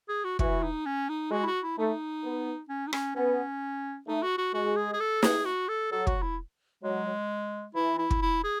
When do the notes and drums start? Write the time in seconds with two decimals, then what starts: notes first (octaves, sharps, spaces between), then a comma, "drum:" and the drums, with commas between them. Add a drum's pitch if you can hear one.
0.09 G#4
0.24 F#4
0.39 E3 F#4, drum: kick
0.63 D#4
0.86 C#4
1.09 D#4
1.31 G#3 F#4
1.43 E4
1.47 F#4
1.63 E4
1.78 A3 D#4
2.24 B3
2.69 C#4
2.87 D#4
2.93 C#4, drum: rim click
3.15 B3 C#4
4.07 A3 D#4
4.23 F#4
4.38 F#4
4.54 G#3 F#4
4.76 G#4
4.94 G#4
5.00 A4
5.23 G#4, drum: snare
5.45 F#4
5.69 A4
5.92 F#3 A4
6.07 F#4, drum: kick
6.22 E4
6.83 F#3 G#3
7.75 E3 E4
7.99 E4
8.11 drum: kick
8.22 E4
8.44 G#4